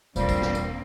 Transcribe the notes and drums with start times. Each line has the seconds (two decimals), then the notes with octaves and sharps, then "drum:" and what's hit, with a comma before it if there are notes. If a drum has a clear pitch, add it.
0.16 E1 E2 D3 F3 G3 A#3 C4, drum: tambourine
0.29 drum: kick, tambourine
0.42 drum: snare
0.55 drum: tambourine